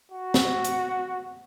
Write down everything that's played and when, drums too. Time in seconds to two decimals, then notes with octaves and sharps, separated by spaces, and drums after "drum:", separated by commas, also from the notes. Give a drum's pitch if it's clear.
0.12 F#4
0.34 drum: snare
0.64 drum: hi-hat